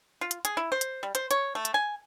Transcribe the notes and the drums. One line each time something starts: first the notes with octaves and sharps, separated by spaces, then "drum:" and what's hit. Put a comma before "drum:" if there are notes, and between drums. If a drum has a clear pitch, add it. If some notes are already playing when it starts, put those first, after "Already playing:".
F4
drum: hi-hat
G#4, drum: hi-hat
E4
C5
drum: hi-hat
G3
C5, drum: hi-hat
C#5, drum: hi-hat
A3
drum: hi-hat
G#5